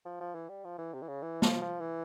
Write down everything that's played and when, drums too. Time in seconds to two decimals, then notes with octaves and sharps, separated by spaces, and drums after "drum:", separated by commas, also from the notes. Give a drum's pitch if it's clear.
0.05 F3
0.20 F3
0.35 E3
0.49 G3
0.64 F3
0.78 E3
0.93 C3
1.02 E3
1.08 C#3
1.22 E3
1.42 F3, drum: snare
1.62 F3
1.80 E3